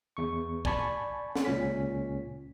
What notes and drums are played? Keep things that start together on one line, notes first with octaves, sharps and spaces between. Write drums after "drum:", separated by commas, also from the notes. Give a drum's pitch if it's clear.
E2 C#6
D5 G#5 A5 B5 C#6, drum: kick
drum: snare
C#2 A#2 C#4 B6